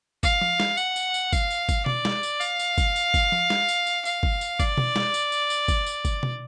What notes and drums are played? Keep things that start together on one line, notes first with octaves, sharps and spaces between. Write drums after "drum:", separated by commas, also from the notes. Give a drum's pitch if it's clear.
F5, drum: kick, tambourine
drum: tom F3
drum: snare
F#5, drum: tambourine
drum: tambourine
drum: tambourine
F5, drum: kick, tambourine
drum: tambourine
drum: kick, tambourine
D5, drum: tom B2
drum: snare
drum: tambourine
F5, drum: tambourine
drum: tambourine
drum: kick, tambourine
drum: tambourine
drum: kick, tambourine
drum: tom F3
drum: snare
drum: tambourine
drum: tambourine
F5, drum: tambourine
drum: kick
drum: tambourine
D5, drum: kick, tambourine
drum: tom B2
drum: snare
drum: tambourine
drum: tambourine
drum: tambourine
drum: kick, tambourine
drum: tambourine
drum: kick, tambourine
drum: tom B2